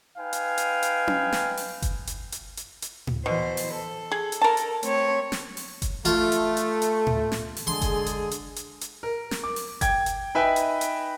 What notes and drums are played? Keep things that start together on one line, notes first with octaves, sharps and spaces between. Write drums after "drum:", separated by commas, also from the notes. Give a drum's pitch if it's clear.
D#4 B4 F5 G5 G#5
drum: hi-hat
drum: hi-hat
drum: hi-hat
drum: tom C#4
drum: snare
drum: open hi-hat
drum: kick F#1, hi-hat
drum: hi-hat
drum: hi-hat
drum: hi-hat
drum: hi-hat
drum: tom A2
B2 E3 C5
drum: open hi-hat
A4
G#4
drum: hi-hat
A#4 A5
drum: hi-hat
A3 C4 C#5, drum: hi-hat
drum: snare
drum: open hi-hat
drum: kick F#1, hi-hat
A3 F4, drum: hi-hat
drum: hi-hat
drum: hi-hat
drum: hi-hat
drum: tom A2
drum: snare
drum: open hi-hat
D3 G#3 G#4 C6
drum: kick F#1, hi-hat
drum: hi-hat
drum: hi-hat
drum: hi-hat
drum: hi-hat
A#4
drum: snare
D6
drum: open hi-hat
G5 G#6, drum: kick F#1, hi-hat
drum: hi-hat
D#4 B4 E5 G5 G#5 B5
drum: hi-hat
drum: hi-hat